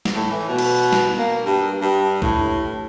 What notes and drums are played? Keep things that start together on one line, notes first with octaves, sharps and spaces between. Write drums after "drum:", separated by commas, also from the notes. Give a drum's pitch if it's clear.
drum: snare
A2
E3
B2
drum: cymbal
drum: snare
A#3
G2
G2
A2, drum: kick B1